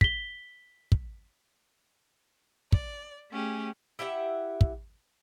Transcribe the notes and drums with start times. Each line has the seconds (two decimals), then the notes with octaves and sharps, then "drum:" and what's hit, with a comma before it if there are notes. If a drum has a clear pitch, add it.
0.01 B6 G7, drum: kick
0.92 drum: kick
2.72 D5, drum: kick
3.31 A3 C#4 G4 G#4
3.99 E4 G4 E5 F#5
4.61 drum: kick